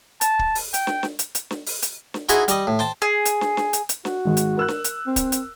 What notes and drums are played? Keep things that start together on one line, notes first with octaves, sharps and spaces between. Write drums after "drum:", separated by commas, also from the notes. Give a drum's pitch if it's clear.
A5, drum: hi-hat
drum: kick
drum: open hi-hat
G5, drum: hi-hat
drum: snare
drum: snare
drum: hi-hat
drum: hi-hat
drum: snare
drum: open hi-hat
drum: hi-hat
drum: snare
D#4 E4 F#4 G#4 C5 E5, drum: hi-hat
G3 D#5, drum: hi-hat
A2
C5 G5 A5
G#4
drum: hi-hat
drum: snare
drum: snare
drum: hi-hat
drum: hi-hat
F#4, drum: snare
G#1 G#3
drum: hi-hat
A#4 E6 F#6
drum: snare
drum: hi-hat
C4
drum: kick, hi-hat
drum: hi-hat